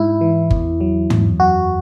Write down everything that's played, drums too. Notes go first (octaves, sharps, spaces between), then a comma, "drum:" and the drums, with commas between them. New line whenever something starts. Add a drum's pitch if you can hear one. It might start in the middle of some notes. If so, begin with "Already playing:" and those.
Already playing: G#2 E4
E3
E2, drum: kick G1
F#3
E2, drum: tom
F#2 F#4